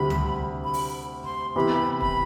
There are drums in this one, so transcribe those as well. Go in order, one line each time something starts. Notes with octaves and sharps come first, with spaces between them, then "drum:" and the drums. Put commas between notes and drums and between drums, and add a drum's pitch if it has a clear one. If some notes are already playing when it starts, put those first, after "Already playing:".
Already playing: D2 C3 G3 B5
drum: tom
B5
drum: open hi-hat
C6
C3 E3 B3 B5
B5, drum: kick